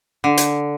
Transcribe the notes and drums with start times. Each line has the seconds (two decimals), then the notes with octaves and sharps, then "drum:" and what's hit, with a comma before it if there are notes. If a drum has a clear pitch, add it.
0.24 D3
0.37 drum: hi-hat